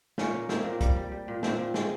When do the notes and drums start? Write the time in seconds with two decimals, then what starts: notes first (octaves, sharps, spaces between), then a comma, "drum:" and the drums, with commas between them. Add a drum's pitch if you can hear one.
0.18 A#2 C#4, drum: snare
0.34 A#3
0.49 A#3 C4, drum: snare
0.64 A#2 A#3
0.81 G3, drum: kick, hi-hat
0.96 G3
1.12 G3
1.28 A#2
1.43 A#2 C4, drum: snare
1.59 A#2
1.74 G#3, drum: snare